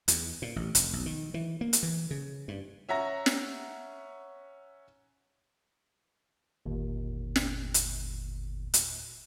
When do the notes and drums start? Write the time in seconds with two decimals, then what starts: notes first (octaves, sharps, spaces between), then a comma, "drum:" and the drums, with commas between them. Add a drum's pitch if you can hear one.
0.08 E2, drum: hi-hat
0.42 A#2
0.56 A1
0.75 F1, drum: hi-hat
0.93 B1
1.06 D#3
1.34 E3
1.61 A#3
1.73 drum: hi-hat
1.83 E3
2.11 C#3
2.48 G2
2.89 C#4 E5 F#5 A#5 A#6
3.26 drum: snare
6.66 G1 D#2 A#2
7.36 drum: snare
7.74 drum: hi-hat
8.74 drum: hi-hat